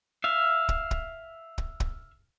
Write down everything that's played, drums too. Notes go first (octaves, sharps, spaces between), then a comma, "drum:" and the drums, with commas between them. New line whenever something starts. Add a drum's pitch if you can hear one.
E5 F5
drum: kick
drum: kick
drum: kick
drum: kick